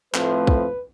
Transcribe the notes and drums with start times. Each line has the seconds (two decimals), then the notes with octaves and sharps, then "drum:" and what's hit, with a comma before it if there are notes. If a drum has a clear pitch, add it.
0.15 A2 F3 A3 C4 B4, drum: clap
0.47 drum: kick